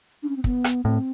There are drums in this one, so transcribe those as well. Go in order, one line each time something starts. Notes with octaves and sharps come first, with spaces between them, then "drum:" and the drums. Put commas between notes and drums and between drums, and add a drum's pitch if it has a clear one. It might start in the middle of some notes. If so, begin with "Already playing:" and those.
D4
C#4
C4
B3, drum: kick
drum: rim click
A2 C4